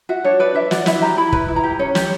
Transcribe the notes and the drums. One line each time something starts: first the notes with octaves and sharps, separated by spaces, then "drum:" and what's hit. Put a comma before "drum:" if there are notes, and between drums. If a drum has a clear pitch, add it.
F#4 E5
D4 C#5
B4 D5
D4 E5
F#4 D5, drum: snare
E4 E5, drum: snare
G4 A#5
E4 B5
B4, drum: kick
E4
A#5
G4
C#4 C#5
G4, drum: snare